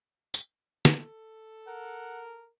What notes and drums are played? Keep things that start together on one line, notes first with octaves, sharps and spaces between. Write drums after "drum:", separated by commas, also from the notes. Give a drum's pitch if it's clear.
drum: tambourine
A4, drum: snare
A#4 F#5